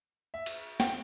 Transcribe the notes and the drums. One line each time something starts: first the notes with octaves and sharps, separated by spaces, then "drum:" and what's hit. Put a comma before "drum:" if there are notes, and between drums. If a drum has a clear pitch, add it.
E5
drum: cymbal
G5, drum: snare